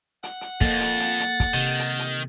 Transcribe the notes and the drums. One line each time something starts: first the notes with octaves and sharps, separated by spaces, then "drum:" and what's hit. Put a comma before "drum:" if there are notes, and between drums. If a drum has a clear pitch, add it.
F#5, drum: hi-hat
drum: hi-hat
F2 G#2 A#3 A4 A6, drum: kick
drum: hi-hat
drum: hi-hat
drum: hi-hat
drum: kick, hi-hat
C3 D#3
drum: hi-hat
drum: hi-hat